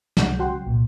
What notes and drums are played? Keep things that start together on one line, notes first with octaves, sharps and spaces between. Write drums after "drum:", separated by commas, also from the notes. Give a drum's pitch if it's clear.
C2 G#3 F#5 G6, drum: snare
C#3 F#3 F#4 F#5 G5 C6
C2 A#2